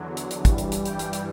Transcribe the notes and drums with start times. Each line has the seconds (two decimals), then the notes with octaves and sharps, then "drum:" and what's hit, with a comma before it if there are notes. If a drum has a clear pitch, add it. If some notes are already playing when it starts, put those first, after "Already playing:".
Already playing: E2 D3 F#3
0.17 drum: hi-hat
0.31 drum: hi-hat
0.45 G2 E3 G3, drum: kick, hi-hat
0.58 drum: hi-hat
0.72 drum: hi-hat
0.86 G5, drum: hi-hat
0.99 drum: hi-hat
1.13 drum: hi-hat